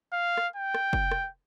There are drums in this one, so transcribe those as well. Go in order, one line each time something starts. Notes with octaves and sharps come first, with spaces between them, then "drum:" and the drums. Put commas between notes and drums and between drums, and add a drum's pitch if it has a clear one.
F5
drum: rim click
G5
drum: rim click
drum: kick
drum: rim click